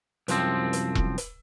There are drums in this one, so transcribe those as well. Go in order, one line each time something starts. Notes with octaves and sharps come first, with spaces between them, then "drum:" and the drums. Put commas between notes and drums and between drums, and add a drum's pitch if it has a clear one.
C2 F#2 F3 C4, drum: hi-hat
drum: hi-hat
drum: kick E1
drum: hi-hat